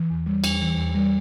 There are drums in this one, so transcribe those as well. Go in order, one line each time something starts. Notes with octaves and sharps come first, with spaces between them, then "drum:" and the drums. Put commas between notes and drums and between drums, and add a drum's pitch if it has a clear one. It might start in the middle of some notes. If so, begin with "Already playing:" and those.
Already playing: E3
E2
G3
E2, drum: cymbal
E3
E2
G3